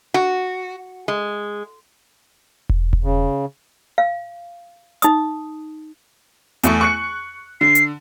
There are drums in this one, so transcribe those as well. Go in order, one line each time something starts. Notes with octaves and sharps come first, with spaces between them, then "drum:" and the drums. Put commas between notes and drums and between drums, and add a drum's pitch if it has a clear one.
F#4
G#3
drum: kick E1
drum: kick E1
C#3
F5
D#4 D#6, drum: hi-hat
E2 A3 C#6, drum: hi-hat
C#6 F#6 C#7
D3 C7
drum: hi-hat